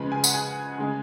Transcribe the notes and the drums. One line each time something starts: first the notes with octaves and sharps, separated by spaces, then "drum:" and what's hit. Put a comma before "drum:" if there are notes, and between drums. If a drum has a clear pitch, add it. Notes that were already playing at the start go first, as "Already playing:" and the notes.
Already playing: C#3 F3 G#3 B4 B5
G#4 G#5
F#5, drum: tambourine
G#4 G#5
C#3 G#3